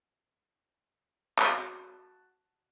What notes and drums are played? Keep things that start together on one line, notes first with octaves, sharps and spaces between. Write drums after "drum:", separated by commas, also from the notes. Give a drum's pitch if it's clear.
F#4 A5, drum: clap